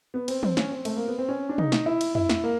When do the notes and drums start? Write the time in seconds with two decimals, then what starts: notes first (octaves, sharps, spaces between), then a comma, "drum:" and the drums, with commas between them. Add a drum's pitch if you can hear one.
0.14 B3
0.28 C4, drum: cymbal
0.43 C4, drum: tom
0.57 C#4, drum: snare
0.72 C4
0.85 A3, drum: cymbal
0.97 A#3
1.08 B3
1.18 C4
1.29 C#4
1.49 D4
1.58 D#4, drum: tom
1.72 drum: snare
1.86 E4
2.01 drum: cymbal
2.15 E4, drum: tom
2.29 drum: snare
2.44 A#3